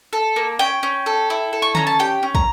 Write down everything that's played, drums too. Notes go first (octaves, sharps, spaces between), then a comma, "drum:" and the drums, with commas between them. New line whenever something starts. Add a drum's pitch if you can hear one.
A4
A#3
C#4 G5
C#4
A4
E4
A4
C#6
C#4 A#5, drum: tom D3
A5
G4 G5
C#4
A#5, drum: kick